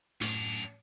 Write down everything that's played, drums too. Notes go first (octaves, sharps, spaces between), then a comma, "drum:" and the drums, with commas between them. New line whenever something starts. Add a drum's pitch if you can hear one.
F#2 A2 D4 F7, drum: hi-hat